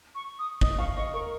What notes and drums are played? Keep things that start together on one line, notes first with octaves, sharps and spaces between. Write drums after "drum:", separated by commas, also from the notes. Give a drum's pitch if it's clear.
C#6
D#6
D#5 D#6, drum: kick
F5 C#6
D#5 C#6
A#4 C#6